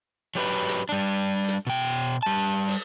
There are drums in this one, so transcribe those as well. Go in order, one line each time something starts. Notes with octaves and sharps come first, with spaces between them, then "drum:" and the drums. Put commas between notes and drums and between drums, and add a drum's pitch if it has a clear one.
F#3 G4 B4
drum: hi-hat
G3 D4
drum: hi-hat
B2 G5
G3 A5
drum: open hi-hat